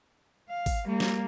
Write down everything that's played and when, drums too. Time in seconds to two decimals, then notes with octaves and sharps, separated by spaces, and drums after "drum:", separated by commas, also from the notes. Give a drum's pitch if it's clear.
0.49 F5
0.66 drum: kick, open hi-hat
0.85 G3 A#3
1.00 drum: snare